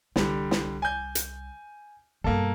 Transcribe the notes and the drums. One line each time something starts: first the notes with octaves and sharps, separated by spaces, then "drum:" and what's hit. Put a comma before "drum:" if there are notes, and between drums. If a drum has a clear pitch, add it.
C2 D3 G3, drum: snare
drum: snare
G#5 G6
drum: hi-hat
G2 B2 A#3 A4